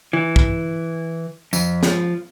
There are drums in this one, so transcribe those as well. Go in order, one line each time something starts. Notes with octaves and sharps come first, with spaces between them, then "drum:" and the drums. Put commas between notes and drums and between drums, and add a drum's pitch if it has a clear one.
E3
drum: kick
F2, drum: tambourine
F3, drum: snare